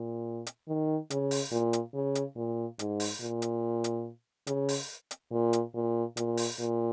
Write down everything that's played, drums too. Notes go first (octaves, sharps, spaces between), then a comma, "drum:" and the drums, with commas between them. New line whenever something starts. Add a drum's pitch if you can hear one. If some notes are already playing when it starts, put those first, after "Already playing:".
Already playing: A#2
drum: hi-hat
D#3
C#3, drum: hi-hat
drum: open hi-hat
A#2
drum: hi-hat
C#3
drum: hi-hat
A#2
G#2, drum: hi-hat
drum: open hi-hat
A#2
drum: hi-hat
drum: hi-hat
C#3, drum: hi-hat
drum: open hi-hat
drum: hi-hat
A#2
drum: hi-hat
A#2
A#2, drum: hi-hat
drum: open hi-hat
A#2